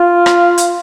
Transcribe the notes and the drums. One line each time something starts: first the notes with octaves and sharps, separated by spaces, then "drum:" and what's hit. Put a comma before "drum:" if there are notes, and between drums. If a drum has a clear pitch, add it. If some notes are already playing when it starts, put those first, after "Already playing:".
Already playing: F4
drum: rim click
drum: hi-hat